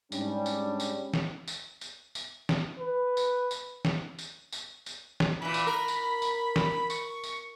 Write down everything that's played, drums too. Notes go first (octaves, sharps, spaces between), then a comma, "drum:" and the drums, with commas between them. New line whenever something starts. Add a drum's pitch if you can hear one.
G#2 G3 C#4 D4, drum: tambourine
drum: tambourine
drum: tambourine
drum: snare
drum: tambourine
drum: tambourine
drum: tambourine
drum: snare
B4
drum: tambourine
drum: tambourine
drum: snare
drum: tambourine
drum: tambourine
drum: tambourine
drum: snare
A#2 E3 B5
drum: tambourine
A#4
drum: tambourine
drum: tambourine
drum: snare
C#6, drum: tambourine
drum: tambourine